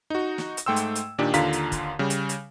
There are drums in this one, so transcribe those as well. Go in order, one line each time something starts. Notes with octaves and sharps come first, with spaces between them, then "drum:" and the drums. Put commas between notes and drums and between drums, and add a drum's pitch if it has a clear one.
D#4 F#4
drum: snare
drum: hi-hat
G#2 A3 G5 C6 E6
drum: hi-hat
drum: hi-hat
A#2 D#3 D4 G4
D#2 D3 F4 F5 A#5 B6, drum: hi-hat
drum: hi-hat
drum: kick, hi-hat
C#3 G3
drum: hi-hat
drum: hi-hat